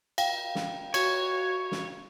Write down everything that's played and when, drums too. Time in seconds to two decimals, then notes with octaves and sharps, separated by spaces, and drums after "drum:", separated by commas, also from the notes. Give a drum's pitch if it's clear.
0.18 F5 G5, drum: cymbal
0.55 drum: snare
0.94 F#4 C#5, drum: cymbal
1.72 drum: snare